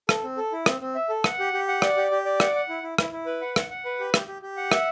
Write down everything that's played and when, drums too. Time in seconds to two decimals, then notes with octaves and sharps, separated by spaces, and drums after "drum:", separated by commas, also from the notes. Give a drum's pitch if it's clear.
0.09 A4, drum: rim click
0.24 C4
0.37 A4
0.53 E4
0.66 C4, drum: rim click
0.81 C4
0.95 E5
1.09 A4
1.24 F#5, drum: rim click
1.39 G4
1.53 G4
1.68 F#5
1.82 D5, drum: rim click
1.97 G4
2.11 G4
2.25 D5
2.40 F#5, drum: rim click
2.55 F#5
2.69 E4
2.83 E4
2.98 E4, drum: rim click
3.12 E4
3.26 B4
3.41 F#5
3.56 F#5, drum: rim click
3.70 F#5
3.85 B4
4.00 G4
4.14 G4, drum: rim click
4.28 G4
4.42 G4
4.57 F#5
4.72 E5, drum: rim click